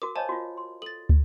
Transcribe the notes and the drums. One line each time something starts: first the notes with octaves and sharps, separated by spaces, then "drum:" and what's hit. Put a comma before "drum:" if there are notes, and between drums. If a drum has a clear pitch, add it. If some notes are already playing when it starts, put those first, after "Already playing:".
F#4 A#4 D6
C5 C#5 D#5 F5 G#5 A5
F4 F#4
C6
A4 A6 F#7
drum: kick